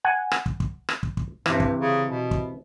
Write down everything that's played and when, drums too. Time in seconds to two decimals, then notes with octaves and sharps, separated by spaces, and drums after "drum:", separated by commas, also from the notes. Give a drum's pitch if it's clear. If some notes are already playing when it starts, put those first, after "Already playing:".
0.04 F#5 G#5
0.32 drum: rim click
0.46 drum: kick
0.60 drum: kick
0.89 drum: rim click
1.03 drum: kick
1.17 drum: kick
1.46 G2 C3 E3, drum: rim click
1.60 drum: kick
1.80 C#3
2.10 B2
2.31 drum: kick